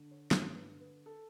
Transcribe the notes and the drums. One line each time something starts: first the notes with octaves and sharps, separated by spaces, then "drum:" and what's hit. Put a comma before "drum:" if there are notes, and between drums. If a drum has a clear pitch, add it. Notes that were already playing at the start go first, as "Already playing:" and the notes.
Already playing: D3
C#5
G2 C#5, drum: snare
B4
D3
B4
A4